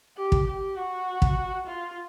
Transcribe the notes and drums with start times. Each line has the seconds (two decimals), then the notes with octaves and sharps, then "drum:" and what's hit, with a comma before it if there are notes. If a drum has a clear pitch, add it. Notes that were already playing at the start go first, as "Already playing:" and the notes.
0.17 G4
0.32 drum: kick
0.47 G4
0.77 F#4
1.22 drum: kick
1.67 F4